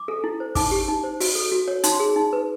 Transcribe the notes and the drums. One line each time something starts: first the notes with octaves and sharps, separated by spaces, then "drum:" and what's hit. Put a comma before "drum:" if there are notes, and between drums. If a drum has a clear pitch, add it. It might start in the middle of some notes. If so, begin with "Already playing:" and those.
Already playing: D6
A4
E4
C5
D#4 D6, drum: kick, open hi-hat
G4
D#4
C5
F#4, drum: open hi-hat
A4
F#4
C#5
D#4 C6, drum: hi-hat
G#4
D#4
B4